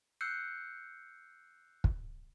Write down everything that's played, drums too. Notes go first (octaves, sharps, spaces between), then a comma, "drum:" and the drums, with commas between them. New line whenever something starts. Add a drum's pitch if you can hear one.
E6 F#6 G6 C7 C#7
drum: kick